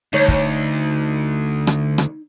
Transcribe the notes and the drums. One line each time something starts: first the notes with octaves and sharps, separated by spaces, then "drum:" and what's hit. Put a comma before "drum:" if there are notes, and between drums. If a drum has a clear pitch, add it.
D2 D#4 C#5
drum: kick
drum: rim click
drum: rim click